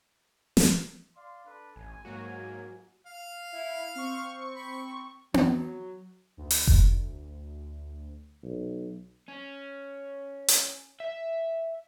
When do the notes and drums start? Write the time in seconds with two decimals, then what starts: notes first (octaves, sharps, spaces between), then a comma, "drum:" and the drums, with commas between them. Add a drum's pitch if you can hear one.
0.57 drum: snare
1.16 D5 F5 C6
1.46 D4 A4 B4
1.76 A1 G#5
2.05 G#2 F#3 A#3 F#4
3.06 F5
3.52 E4
3.95 C4 C#6
4.56 B5
5.34 F#3, drum: tom B3
6.37 D2
6.50 drum: open hi-hat
6.67 drum: kick F1
8.43 B1
9.28 C#4
10.48 drum: hi-hat
11.00 E5